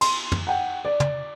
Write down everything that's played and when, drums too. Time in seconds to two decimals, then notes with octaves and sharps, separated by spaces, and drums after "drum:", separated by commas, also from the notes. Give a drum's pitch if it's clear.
0.01 C6, drum: cymbal
0.32 drum: tom
0.47 F#5 G5
0.85 D5
1.00 drum: tom